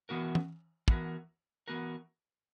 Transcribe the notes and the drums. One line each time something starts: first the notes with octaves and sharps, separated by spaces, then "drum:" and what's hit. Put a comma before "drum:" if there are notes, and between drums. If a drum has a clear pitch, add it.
E3 B3 F#4 A#4
drum: tom
E3 B3 F#4 A#4, drum: kick
E3 B3 F#4 A#4